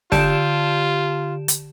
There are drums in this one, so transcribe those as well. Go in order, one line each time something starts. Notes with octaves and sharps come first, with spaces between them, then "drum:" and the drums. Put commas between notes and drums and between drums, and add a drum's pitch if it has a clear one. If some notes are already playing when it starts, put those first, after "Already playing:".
D3 F4 G4 E7, drum: snare
drum: hi-hat